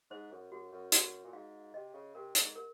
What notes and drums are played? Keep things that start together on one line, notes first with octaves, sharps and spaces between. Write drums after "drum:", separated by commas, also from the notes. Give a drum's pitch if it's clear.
G#2 C5
F#2
F#2 F#4
F#2
F#2 F#4, drum: hi-hat
A#2
G#2 F5
C3 D#5
C#3
C3 A#4
G#2, drum: hi-hat
A#4